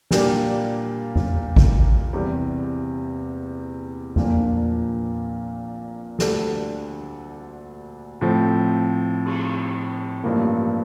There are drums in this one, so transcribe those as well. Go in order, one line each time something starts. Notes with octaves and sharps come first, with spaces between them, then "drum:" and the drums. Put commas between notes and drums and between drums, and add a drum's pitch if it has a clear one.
A#2 G3 A#3 D4 G4, drum: snare
drum: tom E2
drum: kick G#1
E2 C3 G3
A#1 A#2 F3 A#3 D4, drum: tom E2
D2 D3 G3 D4 A4, drum: snare
A2 F3 C4
drum: cymbal
A1 G2 F3 A#3